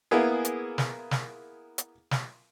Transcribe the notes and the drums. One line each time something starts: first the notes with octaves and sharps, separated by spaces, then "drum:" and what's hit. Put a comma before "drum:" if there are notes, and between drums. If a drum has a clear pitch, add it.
A#3 B3 E4 G#4
drum: hi-hat
drum: snare
drum: snare
drum: hi-hat
drum: snare